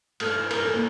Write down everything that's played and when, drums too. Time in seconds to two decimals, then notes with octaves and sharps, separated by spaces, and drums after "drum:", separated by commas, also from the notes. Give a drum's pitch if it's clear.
0.20 G2 A3 A4, drum: cymbal
0.36 E3
0.51 G2 A#4, drum: cymbal
0.62 E3 A4
0.74 A#3 A#4